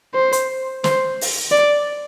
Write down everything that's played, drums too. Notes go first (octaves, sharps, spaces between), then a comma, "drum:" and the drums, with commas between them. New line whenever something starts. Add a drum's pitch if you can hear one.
C5
drum: hi-hat
C5, drum: snare
drum: open hi-hat
D5